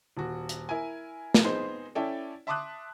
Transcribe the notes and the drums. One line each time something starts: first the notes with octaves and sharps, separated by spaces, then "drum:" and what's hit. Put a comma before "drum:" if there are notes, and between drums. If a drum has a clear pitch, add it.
D#1 F#4
drum: hi-hat
E4 A#4 G#5
drum: snare
B3 C4 D#4 G#4 C5
C#4 E4 A4 D5 G5
E5 A5 C6 D6 D#6 F#6